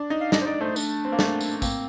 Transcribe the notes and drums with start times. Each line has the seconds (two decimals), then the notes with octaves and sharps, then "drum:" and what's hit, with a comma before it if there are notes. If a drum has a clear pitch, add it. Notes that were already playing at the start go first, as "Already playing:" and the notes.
Already playing: D4
0.10 D#4
0.21 F5
0.32 D4 D#5, drum: snare
0.41 C5
0.46 D#4 D5
0.61 A3 C5
0.76 D4, drum: tambourine
1.05 C4
1.12 A#3
1.19 A3, drum: snare
1.41 drum: tambourine
1.58 D4
1.62 A#3 C4, drum: kick, tambourine